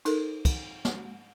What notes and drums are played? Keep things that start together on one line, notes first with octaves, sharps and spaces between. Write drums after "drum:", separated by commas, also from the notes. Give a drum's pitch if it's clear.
D#4 A4 A#4, drum: cymbal
drum: kick, cymbal
drum: snare